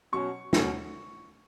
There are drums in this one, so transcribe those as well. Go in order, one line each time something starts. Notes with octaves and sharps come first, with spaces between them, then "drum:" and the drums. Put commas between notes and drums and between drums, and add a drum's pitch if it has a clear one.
B2 F#3 C#4 C#6
B2 F#3 C#4, drum: snare